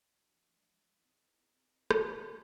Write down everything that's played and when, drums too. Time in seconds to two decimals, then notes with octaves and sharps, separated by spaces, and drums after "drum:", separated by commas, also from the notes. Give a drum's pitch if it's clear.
0.12 E3 F3 G#3 A3 D4 F#4
1.00 B3 C4 D#4 E4 G#4 A#4
1.91 drum: rim click